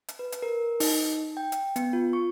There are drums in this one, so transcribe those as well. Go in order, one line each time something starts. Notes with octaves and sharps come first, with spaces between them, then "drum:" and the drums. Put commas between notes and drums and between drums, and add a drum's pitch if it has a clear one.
drum: hi-hat
B4
drum: hi-hat
A#4
D#4, drum: open hi-hat
G5
drum: hi-hat
B3, drum: hi-hat
F4
C#6